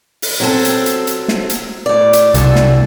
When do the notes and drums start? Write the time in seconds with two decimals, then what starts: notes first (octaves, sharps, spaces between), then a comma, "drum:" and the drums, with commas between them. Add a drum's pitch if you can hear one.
0.22 drum: open hi-hat
0.40 F#3 C4 A4
0.65 drum: hi-hat
0.86 drum: hi-hat
1.07 drum: hi-hat
1.28 drum: snare
1.50 drum: hi-hat
1.86 A2 D5
2.13 drum: hi-hat
2.34 C2 F#2 D3 A4, drum: hi-hat
2.56 drum: snare